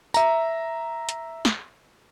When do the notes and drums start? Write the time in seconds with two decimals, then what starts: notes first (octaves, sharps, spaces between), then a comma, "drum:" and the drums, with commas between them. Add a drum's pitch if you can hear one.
0.14 E5 A#5, drum: tambourine
1.09 drum: hi-hat
1.45 drum: snare